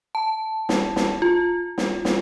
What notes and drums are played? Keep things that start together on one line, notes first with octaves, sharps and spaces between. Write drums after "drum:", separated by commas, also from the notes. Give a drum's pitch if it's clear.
A5
drum: snare
drum: snare
F4
drum: snare
drum: snare